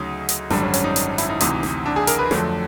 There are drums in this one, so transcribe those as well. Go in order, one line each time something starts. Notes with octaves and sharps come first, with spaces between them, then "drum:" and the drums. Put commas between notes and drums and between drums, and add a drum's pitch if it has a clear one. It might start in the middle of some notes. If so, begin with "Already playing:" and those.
Already playing: D2 C#3 F#3 D#4
drum: hi-hat
G#1 F#2 D3 G3 D4, drum: snare
C#4
C#4, drum: hi-hat
D#4
drum: hi-hat
E4, drum: hi-hat
D#4
D2 C3 E3 D#4, drum: hi-hat
drum: snare
D4
G#4
A#4, drum: hi-hat
B4
F2 D3 F#3 A3, drum: snare